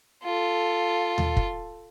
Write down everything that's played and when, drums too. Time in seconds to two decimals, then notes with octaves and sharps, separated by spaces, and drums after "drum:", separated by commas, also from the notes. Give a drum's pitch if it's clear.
0.24 F4 A4
1.18 drum: tom D#2
1.37 drum: kick